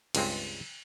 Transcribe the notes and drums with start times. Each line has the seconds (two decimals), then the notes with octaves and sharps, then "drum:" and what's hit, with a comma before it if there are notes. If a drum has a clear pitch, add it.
0.15 C#2 G2 G#3 C4, drum: cymbal